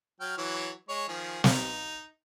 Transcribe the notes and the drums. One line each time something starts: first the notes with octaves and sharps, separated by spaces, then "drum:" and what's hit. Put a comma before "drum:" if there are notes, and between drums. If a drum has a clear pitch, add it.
F#3 G5 F6
E3 F#3 C#5
G#3 C#5
D#3 F3 G#4
D#4, drum: snare